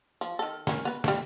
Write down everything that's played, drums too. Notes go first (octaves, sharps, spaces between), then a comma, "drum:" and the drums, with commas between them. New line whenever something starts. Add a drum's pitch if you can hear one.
F3
D#3 A4
C#4 A#4, drum: snare
B3 B4
G3 A3, drum: snare